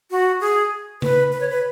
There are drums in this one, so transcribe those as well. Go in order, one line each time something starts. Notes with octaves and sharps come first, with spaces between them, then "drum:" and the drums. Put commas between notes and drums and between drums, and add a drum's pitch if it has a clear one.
F#4
G#4
B4, drum: tom C#3
B4
C#5
B4